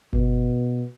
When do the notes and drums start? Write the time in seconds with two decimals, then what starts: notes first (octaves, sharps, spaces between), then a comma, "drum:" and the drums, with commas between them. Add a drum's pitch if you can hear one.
0.13 B2, drum: kick G1